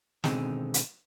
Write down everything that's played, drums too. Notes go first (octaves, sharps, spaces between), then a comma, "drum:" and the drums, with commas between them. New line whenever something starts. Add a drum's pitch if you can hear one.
B2 D3 D#3 G#3 C4 G#4, drum: snare
drum: hi-hat